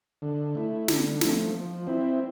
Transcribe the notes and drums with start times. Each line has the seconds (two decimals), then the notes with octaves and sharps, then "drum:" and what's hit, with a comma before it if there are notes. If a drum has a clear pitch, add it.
0.22 D3
0.55 A3 E4
0.88 D3, drum: snare
1.21 F3 A3, drum: snare
1.55 F3
1.87 C4 E4